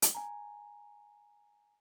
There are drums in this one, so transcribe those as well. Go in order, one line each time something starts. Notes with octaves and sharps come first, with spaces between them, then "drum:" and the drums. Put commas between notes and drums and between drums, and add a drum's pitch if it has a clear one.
drum: hi-hat
G#5 A#5